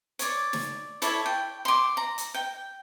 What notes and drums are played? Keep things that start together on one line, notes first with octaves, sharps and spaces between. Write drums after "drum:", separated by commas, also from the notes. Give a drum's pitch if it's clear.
C#5 D5, drum: hi-hat
drum: snare
E4 A4 C#5 D5, drum: hi-hat
G5
C6 D6
A#5
drum: hi-hat
G5